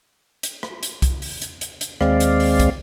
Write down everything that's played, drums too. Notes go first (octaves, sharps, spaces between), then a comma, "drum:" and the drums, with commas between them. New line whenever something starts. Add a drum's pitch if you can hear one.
drum: hi-hat
drum: rim click
drum: hi-hat
drum: kick, hi-hat
drum: open hi-hat
drum: hi-hat
drum: hi-hat
drum: hi-hat
D#2 G#3 C4 D5 F5, drum: rim click
drum: hi-hat
drum: open hi-hat
drum: kick, hi-hat